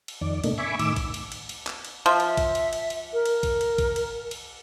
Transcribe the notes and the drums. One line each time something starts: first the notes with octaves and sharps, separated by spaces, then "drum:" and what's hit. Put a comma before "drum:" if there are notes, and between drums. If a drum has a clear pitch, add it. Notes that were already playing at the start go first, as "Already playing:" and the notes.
drum: cymbal
F2 D#3 D5
A2 C3 A3 A#3 D4 D#4, drum: cymbal
E5 G#5 B5 C#6 D6
A2 D#3 D6 E6, drum: cymbal
drum: kick, cymbal
drum: cymbal
drum: cymbal
drum: cymbal
drum: clap
drum: cymbal
F3 E5
drum: cymbal
drum: kick, cymbal
drum: cymbal
drum: cymbal
drum: cymbal
A#4
drum: cymbal
drum: kick, cymbal
drum: cymbal
drum: kick, cymbal
drum: cymbal
drum: cymbal